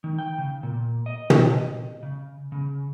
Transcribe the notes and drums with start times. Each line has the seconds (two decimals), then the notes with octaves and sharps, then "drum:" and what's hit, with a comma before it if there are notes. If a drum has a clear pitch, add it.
0.04 D#3
0.19 G5
0.38 C#3
0.63 A#2
1.06 D#5
1.30 drum: tom
2.03 C#3
2.52 C#3